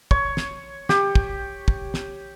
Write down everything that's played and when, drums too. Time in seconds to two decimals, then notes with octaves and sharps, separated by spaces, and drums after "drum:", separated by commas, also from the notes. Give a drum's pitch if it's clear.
0.11 C#5, drum: kick
0.37 drum: snare
0.89 G4, drum: snare
1.15 drum: kick
1.68 drum: kick
1.94 drum: snare